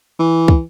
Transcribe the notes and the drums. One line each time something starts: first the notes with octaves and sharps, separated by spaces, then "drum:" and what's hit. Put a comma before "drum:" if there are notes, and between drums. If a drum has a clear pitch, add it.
E3
drum: kick